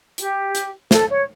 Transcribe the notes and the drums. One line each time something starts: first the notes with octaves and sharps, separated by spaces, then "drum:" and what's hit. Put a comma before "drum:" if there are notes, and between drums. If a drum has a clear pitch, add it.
G4, drum: hi-hat
drum: hi-hat
A4, drum: snare
C#5